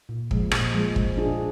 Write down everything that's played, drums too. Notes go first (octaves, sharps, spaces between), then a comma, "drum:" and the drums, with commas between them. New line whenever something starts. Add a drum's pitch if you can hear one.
A#2
F3 G#3, drum: kick
A#2, drum: rim click
F3 G#3
G#3, drum: kick
D4 F4 G#4